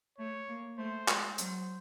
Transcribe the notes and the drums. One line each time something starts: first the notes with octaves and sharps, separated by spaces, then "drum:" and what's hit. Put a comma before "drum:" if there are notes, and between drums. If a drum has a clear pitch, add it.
A3 C#5
A#3
A3 C5
G#3, drum: clap
F#3 C5, drum: hi-hat